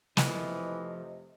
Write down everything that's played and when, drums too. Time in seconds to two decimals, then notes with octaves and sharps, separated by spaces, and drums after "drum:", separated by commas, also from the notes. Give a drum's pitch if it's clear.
0.17 F2 C3 E3 F3 A3 D#5, drum: snare